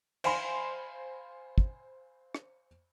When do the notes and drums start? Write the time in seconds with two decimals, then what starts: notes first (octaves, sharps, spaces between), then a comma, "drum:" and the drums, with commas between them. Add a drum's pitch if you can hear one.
0.24 C5 F5 G#5 B5 C6, drum: cymbal
1.58 drum: kick
2.35 drum: rim click